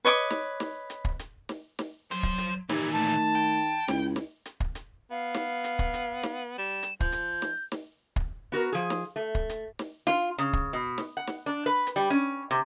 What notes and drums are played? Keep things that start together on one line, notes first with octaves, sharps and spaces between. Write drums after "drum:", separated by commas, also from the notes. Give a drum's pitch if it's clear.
B4 C#5 D#5 D6
drum: snare
drum: snare
drum: hi-hat
drum: kick
drum: hi-hat
drum: snare
drum: snare
F3 F#3 C5, drum: hi-hat
drum: kick
drum: hi-hat
A#2 D#3 E3 G4, drum: snare
A3 A5
G5
C#2 E4, drum: snare
drum: snare
drum: hi-hat
drum: kick
drum: hi-hat
B3 F5
drum: snare
drum: hi-hat
drum: kick
drum: hi-hat
drum: snare
G3 E7
drum: hi-hat
F3 G6, drum: kick
drum: hi-hat
drum: snare
drum: snare
drum: kick
B3 F#4 A#4
F3 G#4
drum: snare
A3
drum: kick
drum: hi-hat
drum: snare
F4, drum: snare
C#3, drum: hi-hat
drum: kick
B2
drum: snare
F#5
drum: snare
D4
B4
drum: hi-hat
G3
C#4
C3